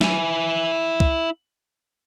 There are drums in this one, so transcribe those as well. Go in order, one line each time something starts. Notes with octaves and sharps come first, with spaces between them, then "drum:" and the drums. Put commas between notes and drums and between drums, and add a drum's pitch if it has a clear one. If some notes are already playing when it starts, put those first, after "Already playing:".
E4 G#5, drum: snare
drum: kick